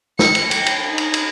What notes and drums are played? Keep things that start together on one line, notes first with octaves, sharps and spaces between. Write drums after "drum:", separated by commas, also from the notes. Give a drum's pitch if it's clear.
C#7, drum: snare
drum: cymbal
G5, drum: cymbal
drum: cymbal
D#4
drum: cymbal
drum: cymbal